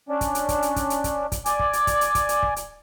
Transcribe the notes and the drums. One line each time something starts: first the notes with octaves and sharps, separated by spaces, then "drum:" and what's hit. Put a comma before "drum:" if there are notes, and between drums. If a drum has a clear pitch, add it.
C#4 D4
drum: kick, hi-hat
drum: hi-hat
drum: kick, hi-hat
drum: hi-hat
drum: kick, hi-hat
drum: hi-hat
drum: kick, hi-hat
drum: kick, hi-hat
D5 G#5, drum: hi-hat
drum: kick
drum: hi-hat
drum: kick, hi-hat
drum: hi-hat
drum: kick, hi-hat
drum: hi-hat
drum: kick
drum: hi-hat